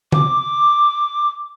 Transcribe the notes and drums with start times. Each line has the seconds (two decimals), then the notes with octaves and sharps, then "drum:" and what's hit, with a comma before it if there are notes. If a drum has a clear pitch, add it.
0.12 D6, drum: tom